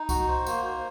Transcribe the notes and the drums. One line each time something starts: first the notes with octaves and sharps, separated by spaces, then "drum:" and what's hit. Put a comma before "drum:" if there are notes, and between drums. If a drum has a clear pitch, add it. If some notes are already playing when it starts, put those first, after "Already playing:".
Already playing: D#4
F#4, drum: kick C2, tambourine
C5
A#3, drum: tambourine
C5